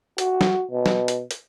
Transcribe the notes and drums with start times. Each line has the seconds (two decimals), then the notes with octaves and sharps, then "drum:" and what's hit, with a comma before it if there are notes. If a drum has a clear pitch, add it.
0.18 F#4, drum: hi-hat
0.41 drum: snare F#3
0.71 B2
0.86 drum: snare F#3
1.08 drum: hi-hat
1.31 drum: hi-hat